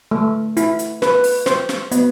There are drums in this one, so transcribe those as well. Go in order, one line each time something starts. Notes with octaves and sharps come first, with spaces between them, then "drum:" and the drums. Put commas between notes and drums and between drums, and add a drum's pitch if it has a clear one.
A3
E4, drum: hi-hat
drum: hi-hat
B4, drum: snare
drum: open hi-hat
C5, drum: snare
drum: snare
B3, drum: hi-hat